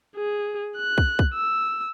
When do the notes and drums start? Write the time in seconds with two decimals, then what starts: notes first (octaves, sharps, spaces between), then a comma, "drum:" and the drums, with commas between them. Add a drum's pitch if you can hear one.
0.16 G#4
0.76 F#6
0.98 drum: kick
1.19 drum: kick
1.34 E6